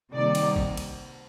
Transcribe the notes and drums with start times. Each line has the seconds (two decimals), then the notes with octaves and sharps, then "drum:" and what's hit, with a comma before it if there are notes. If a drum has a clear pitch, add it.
0.13 C3 D#3 G3 A#3 D#4 D5
0.35 drum: cymbal
0.56 drum: kick
0.77 drum: cymbal